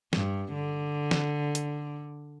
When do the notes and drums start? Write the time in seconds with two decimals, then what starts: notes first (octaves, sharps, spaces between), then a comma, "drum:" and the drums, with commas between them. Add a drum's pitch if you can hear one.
0.13 G2, drum: snare
0.53 D3
1.11 drum: snare
1.55 drum: hi-hat